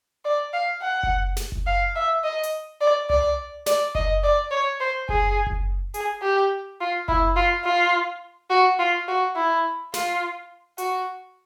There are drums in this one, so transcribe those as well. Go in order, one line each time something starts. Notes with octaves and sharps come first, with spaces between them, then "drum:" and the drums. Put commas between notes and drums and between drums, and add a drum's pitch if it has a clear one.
D5
F5
F#5
drum: kick F#1
drum: snare
drum: kick F#1
F5
E5
D#5
drum: hi-hat
D5
D5, drum: tom C2
D5, drum: snare
D#5, drum: kick F#1
D5
C#5
C5
G#4, drum: kick F#1
drum: kick F#1
G#4, drum: hi-hat
G4
F4
E4, drum: kick F#1
F4
F4
F#4
F4
F#4
E4
F4, drum: snare
F#4, drum: hi-hat